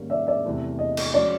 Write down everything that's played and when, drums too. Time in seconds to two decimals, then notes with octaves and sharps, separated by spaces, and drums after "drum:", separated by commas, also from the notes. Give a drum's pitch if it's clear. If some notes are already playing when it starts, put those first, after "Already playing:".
Already playing: G#2 D#3 G3 A#3 C#4
0.10 D5 E5
0.27 D5 E5
0.45 E2 C3 E3 A3
0.79 D#5
0.97 drum: cymbal
1.13 F3 G#3 C#4 F#4 D5